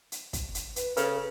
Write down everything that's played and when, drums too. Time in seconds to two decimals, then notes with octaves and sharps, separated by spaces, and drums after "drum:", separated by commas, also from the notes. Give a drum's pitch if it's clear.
0.12 drum: hi-hat
0.33 drum: kick, hi-hat
0.55 drum: hi-hat
0.76 B4, drum: hi-hat
0.97 C#3 A4 B4, drum: hi-hat